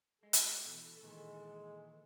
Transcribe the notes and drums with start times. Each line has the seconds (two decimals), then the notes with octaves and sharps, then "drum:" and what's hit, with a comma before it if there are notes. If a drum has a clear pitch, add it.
0.23 G#3 A4
0.33 drum: hi-hat
0.65 B2 E3
1.02 A#2 D#3 E3 G#3